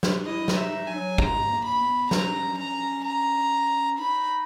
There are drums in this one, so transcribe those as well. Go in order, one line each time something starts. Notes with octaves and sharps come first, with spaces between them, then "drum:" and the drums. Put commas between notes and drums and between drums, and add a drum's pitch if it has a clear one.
drum: snare
E4 D#5
D#4, drum: snare
E5
D#4
G#5
F#3
G#3 A#5, drum: kick
A#3
B5
B3
C#4 A#5, drum: snare
A#5
A#5
D#4 B5